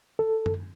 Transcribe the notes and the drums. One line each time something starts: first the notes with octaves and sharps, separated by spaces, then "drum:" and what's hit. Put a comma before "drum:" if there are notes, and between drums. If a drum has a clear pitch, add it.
A4
drum: tom F#2